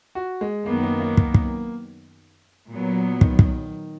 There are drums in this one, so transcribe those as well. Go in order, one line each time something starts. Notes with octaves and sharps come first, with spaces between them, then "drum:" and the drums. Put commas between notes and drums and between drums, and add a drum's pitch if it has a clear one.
F#4
G#3
F#2 D#3 F#3 A#3 B3
A#3
A#3
drum: kick
drum: kick
A#2 F#3 B3
D#3, drum: kick
drum: kick